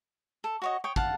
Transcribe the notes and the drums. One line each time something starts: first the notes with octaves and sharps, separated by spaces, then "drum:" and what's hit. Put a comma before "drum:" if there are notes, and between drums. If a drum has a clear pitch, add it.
A4
F#4 C#5 D#5
C#5 G5 D#6
F5 F#5 A5, drum: kick